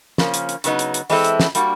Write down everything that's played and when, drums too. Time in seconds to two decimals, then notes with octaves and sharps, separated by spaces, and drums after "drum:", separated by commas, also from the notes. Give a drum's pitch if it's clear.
0.18 C#3 F3 A#3 C#4, drum: snare
0.34 drum: hi-hat
0.49 drum: hi-hat
0.64 C#3 F#3 B3 D#4, drum: hi-hat
0.79 drum: hi-hat
0.94 drum: hi-hat
1.10 E3 G#3 C4 E4 A4, drum: open hi-hat
1.24 drum: hi-hat
1.40 drum: snare
1.55 G3 A#3 D4 F#4, drum: hi-hat